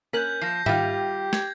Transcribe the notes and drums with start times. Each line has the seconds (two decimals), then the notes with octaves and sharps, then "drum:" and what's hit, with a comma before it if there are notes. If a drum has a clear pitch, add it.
0.13 A#3 C#4 A#4 F#6 G6 B6
0.42 F3 G6 A#6 C7
0.66 D#3 G3 F4 G4 E5, drum: tom G#2
1.33 G#6, drum: snare